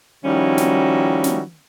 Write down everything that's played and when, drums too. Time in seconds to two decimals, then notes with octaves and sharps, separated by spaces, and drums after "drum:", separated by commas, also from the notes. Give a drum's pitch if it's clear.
0.25 D#3 F3 G3 C#4 E4 F#4
0.58 drum: snare
1.24 drum: snare